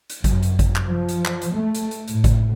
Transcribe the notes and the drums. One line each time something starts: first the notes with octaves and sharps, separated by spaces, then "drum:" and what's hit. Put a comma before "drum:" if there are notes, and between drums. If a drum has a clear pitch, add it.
drum: hi-hat
F#2, drum: kick G#1, hi-hat
drum: hi-hat
drum: kick G#1, hi-hat
drum: clap
F3
drum: hi-hat
drum: clap
drum: hi-hat
A3
drum: hi-hat
drum: hi-hat
A2, drum: hi-hat
drum: kick G#1, hi-hat